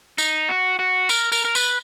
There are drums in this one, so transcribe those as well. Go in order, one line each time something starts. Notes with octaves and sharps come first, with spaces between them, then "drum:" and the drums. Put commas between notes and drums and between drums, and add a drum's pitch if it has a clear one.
D#4, drum: tambourine
F#4
F#4
A#4, drum: tambourine
A#4, drum: tambourine
A#4
B4, drum: tambourine